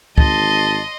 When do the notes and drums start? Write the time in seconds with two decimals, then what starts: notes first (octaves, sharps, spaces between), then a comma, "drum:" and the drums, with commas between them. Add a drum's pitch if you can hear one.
0.18 G#1 D#5 A5 C6, drum: kick